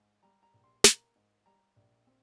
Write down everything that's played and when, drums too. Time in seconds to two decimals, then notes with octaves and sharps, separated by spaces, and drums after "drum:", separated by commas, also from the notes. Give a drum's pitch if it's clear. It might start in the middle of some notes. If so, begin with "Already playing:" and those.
Already playing: G#2
0.23 G3 A#5
0.43 A#5
0.54 A#1
0.64 C6
0.84 A#3 A#5, drum: snare
1.16 G#2
1.46 G3 A#5
1.76 A#1
2.07 C4